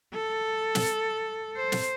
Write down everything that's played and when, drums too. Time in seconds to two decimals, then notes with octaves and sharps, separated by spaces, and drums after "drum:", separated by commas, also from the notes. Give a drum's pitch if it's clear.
0.14 A4
0.75 drum: snare
1.57 C5
1.72 drum: snare